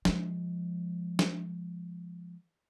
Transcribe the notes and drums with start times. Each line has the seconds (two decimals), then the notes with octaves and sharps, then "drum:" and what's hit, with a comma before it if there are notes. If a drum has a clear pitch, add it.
0.05 F3 G#3, drum: snare
1.19 drum: snare